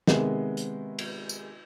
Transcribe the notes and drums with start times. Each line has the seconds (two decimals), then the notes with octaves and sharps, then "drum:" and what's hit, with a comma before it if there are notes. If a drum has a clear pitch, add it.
0.07 C3 D#3 G#3 B3, drum: snare
0.57 drum: hi-hat
0.99 drum: cymbal
1.29 drum: tambourine